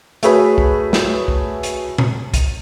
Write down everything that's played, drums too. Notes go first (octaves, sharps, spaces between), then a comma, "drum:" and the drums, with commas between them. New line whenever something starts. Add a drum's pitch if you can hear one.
A3 F#4 G#4 B4 C#5, drum: hi-hat
drum: kick
drum: snare
drum: kick
drum: hi-hat
drum: tom A#2
drum: kick, hi-hat